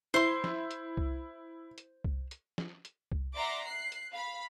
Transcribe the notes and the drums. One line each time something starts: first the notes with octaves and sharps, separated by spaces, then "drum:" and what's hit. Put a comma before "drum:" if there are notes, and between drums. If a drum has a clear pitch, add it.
E4 C5 C6
drum: snare
drum: hi-hat
drum: kick C2
drum: hi-hat
drum: kick C2
drum: hi-hat
drum: snare
drum: hi-hat
drum: kick C2
D5 E5 F#5 A#5 C6 D6
F#6 C7
drum: hi-hat
F5 B5